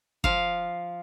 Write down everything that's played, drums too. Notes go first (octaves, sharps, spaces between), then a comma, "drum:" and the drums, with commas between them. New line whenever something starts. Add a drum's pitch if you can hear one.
F3 F5, drum: kick